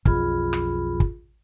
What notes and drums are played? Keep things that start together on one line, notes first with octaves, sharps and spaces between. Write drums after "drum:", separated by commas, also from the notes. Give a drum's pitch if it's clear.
B1 F2 F4 G#4 B5, drum: kick
drum: rim click
drum: kick